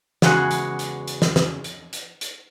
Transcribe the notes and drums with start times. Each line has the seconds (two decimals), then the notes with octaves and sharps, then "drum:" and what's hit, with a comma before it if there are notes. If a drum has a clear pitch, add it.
0.22 E2 C#3 G#3 E4 F#4 G#5, drum: snare
0.51 drum: hi-hat
0.79 drum: hi-hat
1.08 drum: hi-hat
1.22 drum: snare
1.36 drum: snare
1.64 drum: hi-hat
1.93 drum: hi-hat
2.21 drum: hi-hat